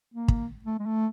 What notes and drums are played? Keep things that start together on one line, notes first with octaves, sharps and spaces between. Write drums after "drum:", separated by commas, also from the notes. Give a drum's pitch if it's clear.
A#3
drum: kick
A3
G#3
A3